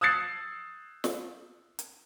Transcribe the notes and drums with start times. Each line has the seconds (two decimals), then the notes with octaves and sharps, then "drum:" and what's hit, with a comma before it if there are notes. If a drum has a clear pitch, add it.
0.01 D#6 E6 F#6 G#6 A6 C7
1.04 drum: snare
1.79 drum: hi-hat